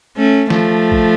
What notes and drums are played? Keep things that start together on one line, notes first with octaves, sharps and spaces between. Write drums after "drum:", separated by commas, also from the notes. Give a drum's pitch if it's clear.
A3 C#4
F3 A3, drum: snare
drum: kick